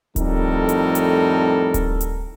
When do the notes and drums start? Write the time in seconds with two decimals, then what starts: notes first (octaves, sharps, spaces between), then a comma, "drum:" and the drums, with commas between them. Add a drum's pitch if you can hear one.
0.16 F2 A2 G3 D#4 A4 A#4, drum: kick D1, hi-hat
0.69 drum: hi-hat
0.95 drum: hi-hat
1.74 drum: kick D1, hi-hat
2.01 drum: hi-hat